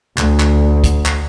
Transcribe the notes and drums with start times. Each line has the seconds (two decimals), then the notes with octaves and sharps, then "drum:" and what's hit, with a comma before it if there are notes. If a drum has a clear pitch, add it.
0.18 D2, drum: clap
0.40 drum: clap
0.84 drum: kick, hi-hat
1.06 drum: clap